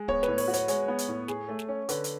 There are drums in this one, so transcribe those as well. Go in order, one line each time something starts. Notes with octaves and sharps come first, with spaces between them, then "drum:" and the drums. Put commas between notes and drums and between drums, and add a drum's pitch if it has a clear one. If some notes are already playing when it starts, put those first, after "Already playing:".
Already playing: G#3
B3 C#5, drum: kick
B4, drum: snare
A2
C#5, drum: open hi-hat
F#4
C#5, drum: hi-hat
G#3 C#5, drum: hi-hat
B3
drum: hi-hat
A2
G#4, drum: snare
A3
drum: snare
C#4
D3 B4, drum: hi-hat
drum: hi-hat